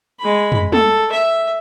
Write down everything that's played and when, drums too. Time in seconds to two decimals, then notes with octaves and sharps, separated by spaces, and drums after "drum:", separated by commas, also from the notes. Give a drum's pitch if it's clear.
0.20 G#3 B5
0.52 drum: tom
0.72 A4, drum: tom
1.11 E5